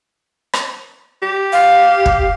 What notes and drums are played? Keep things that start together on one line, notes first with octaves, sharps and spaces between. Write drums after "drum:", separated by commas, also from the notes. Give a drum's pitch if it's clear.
drum: rim click
G4
F5
drum: kick